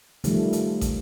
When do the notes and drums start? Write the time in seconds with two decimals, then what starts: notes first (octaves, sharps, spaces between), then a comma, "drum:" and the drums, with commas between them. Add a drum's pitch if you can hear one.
0.24 D#3 F3 G3 A3, drum: hi-hat
0.53 drum: hi-hat
0.81 drum: kick, hi-hat